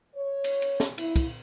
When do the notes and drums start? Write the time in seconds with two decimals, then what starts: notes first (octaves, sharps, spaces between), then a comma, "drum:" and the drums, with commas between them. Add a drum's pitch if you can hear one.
0.15 C#5
0.44 drum: cymbal
0.62 drum: cymbal
0.80 drum: snare
0.98 E4, drum: cymbal
1.16 drum: kick, cymbal